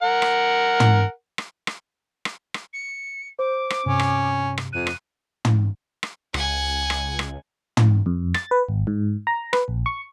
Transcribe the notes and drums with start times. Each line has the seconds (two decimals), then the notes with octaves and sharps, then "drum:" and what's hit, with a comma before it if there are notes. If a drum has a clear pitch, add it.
0.02 A#4 F#5
0.22 drum: rim click
0.80 drum: tom
1.38 drum: rim click
1.67 drum: rim click
2.25 drum: rim click
2.54 drum: rim click
2.73 C#7
3.39 C5 D6
3.70 drum: rim click
3.86 G2 C3 C#4
3.99 drum: rim click
4.58 drum: rim click
4.73 F2 F#6 D#7
4.87 drum: rim click
5.45 drum: tom
6.03 drum: rim click
6.34 C#2 F#5 G#5, drum: rim click
6.90 drum: rim click
7.19 drum: rim click
7.77 drum: tom
8.06 F2
8.34 A6, drum: rim click
8.51 B4
8.69 G#1
8.87 G#2
9.27 A#5
9.53 B4, drum: rim click
9.68 A#1
9.86 C#6